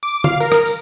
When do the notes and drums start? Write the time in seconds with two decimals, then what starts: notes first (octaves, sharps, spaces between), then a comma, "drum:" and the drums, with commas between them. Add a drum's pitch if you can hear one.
0.03 D6
0.24 F5, drum: tom
0.40 A#4, drum: tambourine
0.52 drum: rim click
0.65 drum: tambourine